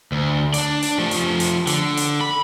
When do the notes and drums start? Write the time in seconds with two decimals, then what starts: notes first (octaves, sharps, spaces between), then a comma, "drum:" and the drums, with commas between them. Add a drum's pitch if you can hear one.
0.12 D2
0.54 D4 D5, drum: hi-hat
0.82 drum: hi-hat
0.98 F3 A3
1.11 drum: hi-hat
1.40 drum: hi-hat
1.67 D3, drum: hi-hat
1.97 drum: hi-hat
2.21 B5